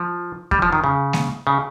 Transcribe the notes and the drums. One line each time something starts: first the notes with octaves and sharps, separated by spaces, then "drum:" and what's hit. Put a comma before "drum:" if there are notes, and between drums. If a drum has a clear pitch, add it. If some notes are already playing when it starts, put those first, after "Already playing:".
Already playing: F3
G3, drum: kick F2
F3
D#3
C#3
drum: snare G#3
C#3